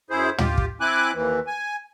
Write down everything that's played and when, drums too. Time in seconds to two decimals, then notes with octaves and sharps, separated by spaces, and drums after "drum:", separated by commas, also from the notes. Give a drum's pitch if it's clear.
0.10 F#2 E4 G#4 C5
0.38 F4 G4, drum: tom
0.58 drum: kick
0.81 C4 E4 G#5 D6 F#6
1.14 D#2 E3
1.47 G#5